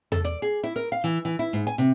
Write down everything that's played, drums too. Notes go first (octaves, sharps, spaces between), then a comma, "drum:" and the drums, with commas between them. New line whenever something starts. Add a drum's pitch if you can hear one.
A4, drum: tom E2
D5, drum: hi-hat
G#4
E4
A#4
F5
E3
E3
E4
G#2
G#5
C3